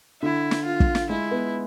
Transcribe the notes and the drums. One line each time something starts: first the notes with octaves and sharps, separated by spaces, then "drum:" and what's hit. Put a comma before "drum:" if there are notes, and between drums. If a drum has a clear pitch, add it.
D3 E4
drum: snare
F4
drum: kick
drum: snare
G#3 E4
B3